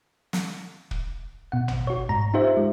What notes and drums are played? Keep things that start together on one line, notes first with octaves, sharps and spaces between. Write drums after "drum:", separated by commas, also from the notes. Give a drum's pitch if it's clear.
drum: snare
drum: kick
B2 F#5
drum: tom
F#4 C#5
G#2 A#5
D#4 F4 G4 C5 E5
G#3